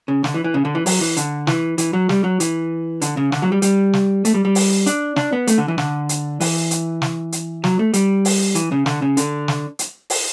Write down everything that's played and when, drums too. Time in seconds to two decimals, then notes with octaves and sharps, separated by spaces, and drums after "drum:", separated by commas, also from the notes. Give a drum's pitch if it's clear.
0.08 C#3
0.24 D3, drum: snare
0.34 E3
0.44 E3
0.54 C#3
0.65 D3
0.75 E3
0.86 F#3, drum: open hi-hat
1.01 E3
1.17 D3, drum: hi-hat
1.47 E3, drum: snare
1.78 E3, drum: hi-hat
1.93 F#3
2.09 G3, drum: snare
2.24 F#3
2.40 E3, drum: hi-hat
3.01 D3, drum: hi-hat
3.17 C#3
3.32 D3, drum: snare
3.42 F#3
3.52 G3
3.62 G3, drum: hi-hat
3.93 drum: snare
4.25 A3, drum: hi-hat
4.34 G3
4.45 G3
4.55 drum: open hi-hat
4.86 D4, drum: hi-hat
5.16 D4, drum: snare
5.33 B3
5.47 A3, drum: hi-hat
5.58 D3
5.68 E3
5.78 D3, drum: snare
6.09 drum: hi-hat
6.40 E3, drum: open hi-hat
6.71 drum: hi-hat
7.02 drum: snare
7.32 drum: hi-hat
7.64 F#3, drum: snare
7.79 A3
7.94 G3, drum: hi-hat
8.25 drum: open hi-hat
8.55 E3, drum: hi-hat
8.72 C#3
8.86 D3, drum: snare
9.02 C#3
9.17 D3, drum: hi-hat
9.48 drum: snare
9.79 drum: hi-hat
10.10 drum: open hi-hat